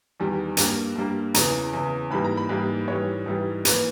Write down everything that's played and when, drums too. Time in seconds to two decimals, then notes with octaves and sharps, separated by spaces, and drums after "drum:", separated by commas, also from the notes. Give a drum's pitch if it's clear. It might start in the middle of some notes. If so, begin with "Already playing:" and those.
0.20 E2 D#3 G3
0.57 G2 G3 A#3, drum: hi-hat
0.96 G2 G3 A#3
1.34 E2 C#3 E3 A#5, drum: hi-hat
1.73 E2 C#3 E3
2.11 G#2 E3 G3 A#3 B5
2.24 A#5
2.37 B5
2.49 G#2 E3 G3 A#3
2.88 G#2 E3 G3 C#5
3.26 G#2 E3 G3
3.65 E3 A#3 B4, drum: hi-hat